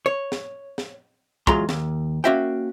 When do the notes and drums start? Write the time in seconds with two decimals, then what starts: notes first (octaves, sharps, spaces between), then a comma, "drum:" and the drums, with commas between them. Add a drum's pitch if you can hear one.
0.06 C#5
0.32 drum: snare
0.78 drum: snare
1.47 E2 F#3 G#3 F4 A#5 C6, drum: kick
1.69 D#2, drum: snare
2.24 A#3 C#4 F#4 E5 F5 G5